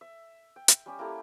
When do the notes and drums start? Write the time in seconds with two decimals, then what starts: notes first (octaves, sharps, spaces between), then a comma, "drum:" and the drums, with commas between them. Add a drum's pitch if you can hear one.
0.01 E5
0.56 G5
0.68 drum: hi-hat
0.86 G3 C#4 G4
0.99 A#3 E4 G4 A4